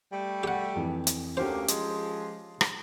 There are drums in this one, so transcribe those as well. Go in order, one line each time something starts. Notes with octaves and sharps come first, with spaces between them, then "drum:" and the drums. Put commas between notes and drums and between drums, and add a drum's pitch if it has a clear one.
G3 A3
G4 F#5
F2 E3
drum: hi-hat
D2 A#3 C#4 G4 C5
F3 G#3, drum: hi-hat
drum: rim click